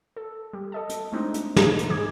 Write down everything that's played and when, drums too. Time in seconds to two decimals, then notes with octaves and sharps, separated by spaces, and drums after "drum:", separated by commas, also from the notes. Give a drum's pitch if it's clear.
0.17 A4
0.53 G3
0.72 A4 D#5 A5
0.89 drum: hi-hat
1.12 G#3 A3 C4 D4 D#4
1.34 drum: hi-hat
1.56 drum: snare
1.79 drum: hi-hat
1.89 G#2 D#3 G#4 D6 G#6